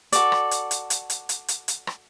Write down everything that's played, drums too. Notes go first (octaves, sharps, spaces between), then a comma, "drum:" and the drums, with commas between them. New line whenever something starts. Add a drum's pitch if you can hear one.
F#4 A4 D5, drum: hi-hat
drum: rim click
drum: hi-hat
drum: hi-hat
drum: hi-hat
drum: hi-hat
drum: hi-hat
drum: hi-hat
drum: hi-hat
drum: rim click